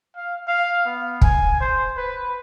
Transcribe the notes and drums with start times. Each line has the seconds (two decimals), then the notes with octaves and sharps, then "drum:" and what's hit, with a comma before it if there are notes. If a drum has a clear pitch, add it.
0.16 F5
0.47 F5
0.85 B3
1.21 G#5, drum: kick
1.60 C5
1.97 B4